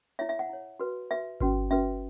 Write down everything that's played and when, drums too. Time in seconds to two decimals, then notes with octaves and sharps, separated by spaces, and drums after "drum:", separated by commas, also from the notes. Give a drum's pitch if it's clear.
0.19 E4 C#5 E5
0.29 E5
0.39 F#5
0.49 E4 C#5
0.80 F#4 B4
1.11 F#4 B4 E5
1.40 C#4 F#4 B4, drum: kick G1
1.71 C#4 F#4 B4 E5